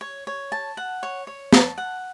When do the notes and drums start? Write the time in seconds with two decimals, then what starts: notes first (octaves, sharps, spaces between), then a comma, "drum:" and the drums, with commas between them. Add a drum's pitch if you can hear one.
0.01 C#5
0.27 C#5
0.52 A5
0.77 F#5
1.03 C#5
1.27 C#5
1.53 A5, drum: snare
1.78 F#5